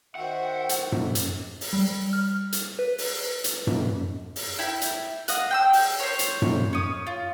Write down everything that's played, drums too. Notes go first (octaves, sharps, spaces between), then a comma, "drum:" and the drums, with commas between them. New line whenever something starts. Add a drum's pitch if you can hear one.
D#3 F#4 C5 E5 F#5 G5
drum: hi-hat
drum: tom F#2
drum: hi-hat
drum: open hi-hat
G3
F6
drum: hi-hat
B4
drum: open hi-hat
drum: hi-hat
drum: tom F#2
drum: open hi-hat
E4 G5 B5
drum: hi-hat
D#5 F5 F#5, drum: hi-hat
G5 C6 E6
drum: open hi-hat
C5 C#5
drum: hi-hat
drum: tom F#2
C#4 D#6
F4